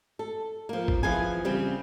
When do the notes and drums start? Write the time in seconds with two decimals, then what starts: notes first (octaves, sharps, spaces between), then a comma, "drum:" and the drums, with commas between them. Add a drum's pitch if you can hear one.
0.19 A4
0.69 F3 A#3
0.88 drum: kick G1
1.03 E3 F3 F4 G#4 B4 G#5
1.45 C#3 G3 C4